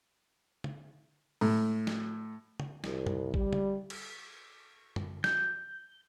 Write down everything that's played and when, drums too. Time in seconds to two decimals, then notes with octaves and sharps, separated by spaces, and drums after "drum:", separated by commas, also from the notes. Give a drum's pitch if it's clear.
0.64 drum: tom
1.41 A2, drum: open hi-hat
1.87 drum: snare
2.60 drum: tom
2.84 C2, drum: snare
3.07 drum: tom F#2
3.34 G3, drum: kick
3.53 drum: tom
3.90 drum: cymbal
4.96 drum: tom F#2
5.24 G6, drum: snare